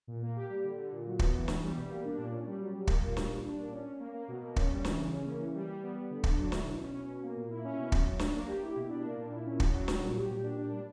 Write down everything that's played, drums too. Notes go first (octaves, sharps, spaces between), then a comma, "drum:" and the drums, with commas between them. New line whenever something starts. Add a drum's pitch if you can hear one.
A#2
A#3
G4
G3
D3
D3
A#2
F#3
B3, drum: kick
E3
B3, drum: snare
G3
B2
A#3
D4
A#2
C#4
G3
F#3
F#3
A#3, drum: kick
A#2
G3, drum: snare
G3
D4
A#2
C#4
C#4
A#3
A#3
B2
A#3
C#4, drum: kick
G3
E3, drum: snare
C#3
C#4
A#3
E3
G3
G3
B3
B3
D3
D4, drum: kick
F#3
E4, drum: snare
B2
C#4
C#4
B2
A#3
A#2
E4
C#4
B2
F#3, drum: kick
F#3
D4, drum: snare
A#3
G4
E4
B2
D4
A#3
A#2
E4
C#4
F#3, drum: kick
F#3
G3, drum: snare
A#2
G4
A#2
D4
D4
G3